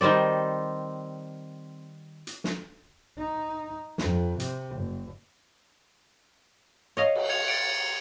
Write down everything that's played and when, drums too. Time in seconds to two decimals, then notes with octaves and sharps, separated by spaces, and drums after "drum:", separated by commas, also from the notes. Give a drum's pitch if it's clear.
0.01 D#3 G3 C4 D5
2.27 drum: hi-hat
2.44 drum: snare
3.18 D#4
3.98 F2, drum: snare
4.40 C3, drum: hi-hat
4.76 F#1
6.97 C#5 D#5 F5
7.15 drum: cymbal
7.30 G#6 C#7 F7
7.48 A6 C#7 D7